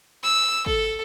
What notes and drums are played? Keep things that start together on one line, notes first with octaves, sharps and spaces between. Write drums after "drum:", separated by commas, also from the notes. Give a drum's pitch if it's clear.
E6
A4, drum: kick